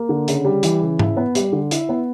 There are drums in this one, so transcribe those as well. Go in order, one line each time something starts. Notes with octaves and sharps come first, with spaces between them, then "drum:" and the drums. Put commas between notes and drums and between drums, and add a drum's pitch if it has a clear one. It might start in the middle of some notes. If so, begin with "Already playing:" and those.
Already playing: A#3
D3
C#3, drum: hi-hat
G3
E3, drum: hi-hat
C#3
E4, drum: tom G#2
B3
G3, drum: hi-hat
D3
E4, drum: hi-hat
B3